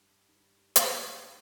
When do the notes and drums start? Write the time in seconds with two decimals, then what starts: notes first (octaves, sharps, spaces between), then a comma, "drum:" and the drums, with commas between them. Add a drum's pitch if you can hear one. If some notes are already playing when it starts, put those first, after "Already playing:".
Already playing: G2
0.28 D#3 G3
0.76 G2, drum: hi-hat
1.23 D#3 G3